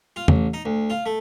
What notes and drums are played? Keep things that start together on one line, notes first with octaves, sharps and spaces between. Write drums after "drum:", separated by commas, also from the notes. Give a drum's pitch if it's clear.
F4
A1, drum: tom E2
D#4
D2
F4
A3